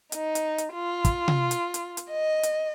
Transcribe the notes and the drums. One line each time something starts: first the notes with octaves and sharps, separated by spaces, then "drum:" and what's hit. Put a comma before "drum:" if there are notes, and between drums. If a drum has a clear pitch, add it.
D#4, drum: hi-hat
drum: hi-hat
drum: hi-hat
F4
drum: kick, hi-hat
drum: tom C3
drum: hi-hat
drum: hi-hat
drum: hi-hat
D#5
drum: hi-hat